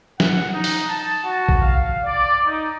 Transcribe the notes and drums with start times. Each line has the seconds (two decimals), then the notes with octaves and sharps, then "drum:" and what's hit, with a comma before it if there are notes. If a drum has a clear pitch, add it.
0.20 F#5, drum: snare
0.53 D#4
0.64 drum: open hi-hat
0.89 A5
1.23 F#4
1.49 drum: kick A#1
1.61 F5
2.04 D5
2.46 D#4